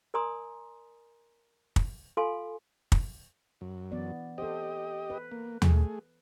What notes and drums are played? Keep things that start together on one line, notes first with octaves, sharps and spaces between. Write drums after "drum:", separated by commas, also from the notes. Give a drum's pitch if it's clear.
A#4 D5 G#5 A#5 C6 D#6
drum: kick
F4 A4 F5 G#5 C6
drum: kick
F#2
E3 B3 D5
G4 A4 C5 D#5
B4
A#3
A3 G#4, drum: tom D#2